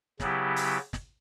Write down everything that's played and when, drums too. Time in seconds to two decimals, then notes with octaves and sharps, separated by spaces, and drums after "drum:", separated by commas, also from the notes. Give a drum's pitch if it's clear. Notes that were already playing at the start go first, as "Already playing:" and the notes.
0.20 C#3 F#3 B3 E4 G4, drum: snare
0.56 drum: open hi-hat
0.93 drum: snare